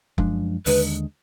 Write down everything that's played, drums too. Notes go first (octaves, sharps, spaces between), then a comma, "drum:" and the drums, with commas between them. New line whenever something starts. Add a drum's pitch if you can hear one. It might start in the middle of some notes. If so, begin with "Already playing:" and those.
F#2 F3 G#3 D4, drum: kick F1
D#2 D3 G#3 B4, drum: open hi-hat